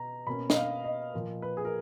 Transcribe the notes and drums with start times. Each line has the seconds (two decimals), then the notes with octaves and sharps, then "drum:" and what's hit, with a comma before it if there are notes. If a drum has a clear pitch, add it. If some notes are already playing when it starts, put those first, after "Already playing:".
Already playing: B2 A#5
0.27 B2 A#3 C#4 B5
0.50 D#5, drum: snare
0.56 F5
0.84 D#5
1.14 A#2 F3 A#3
1.42 B4
1.57 G#4
1.65 A#4